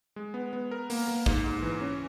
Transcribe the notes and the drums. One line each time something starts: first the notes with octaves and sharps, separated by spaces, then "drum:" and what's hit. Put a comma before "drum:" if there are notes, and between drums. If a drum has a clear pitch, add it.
G#3
B3
B3
A#4
A#3, drum: open hi-hat
A#3
G#2, drum: kick A1
G#2
E3
C#4